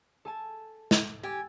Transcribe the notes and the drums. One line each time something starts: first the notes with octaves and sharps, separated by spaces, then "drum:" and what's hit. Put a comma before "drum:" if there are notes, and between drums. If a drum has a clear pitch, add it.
A4 G#5 A5
drum: snare
G4 G#5 E6 A6